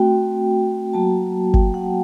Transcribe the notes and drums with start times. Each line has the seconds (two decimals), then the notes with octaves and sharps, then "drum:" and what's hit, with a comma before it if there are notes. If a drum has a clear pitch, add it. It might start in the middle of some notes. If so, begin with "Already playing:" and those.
Already playing: A3 C4 F#4 G5
0.93 F#3 A#3 F#4 A5
1.54 G5, drum: kick G1
1.74 F#5